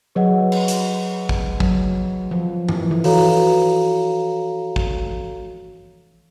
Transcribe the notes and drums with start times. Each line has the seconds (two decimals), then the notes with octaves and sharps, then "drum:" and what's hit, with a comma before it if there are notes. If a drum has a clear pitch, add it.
0.15 F#3 G#4 B4 D#5 F#5
0.52 drum: cymbal
0.68 drum: hi-hat
1.29 drum: kick
1.60 F#3, drum: kick
2.31 F3
2.69 E3, drum: tom G2
2.91 E3
3.04 E3 F#4 A4 C#5 F5 A#5, drum: open hi-hat
4.76 drum: kick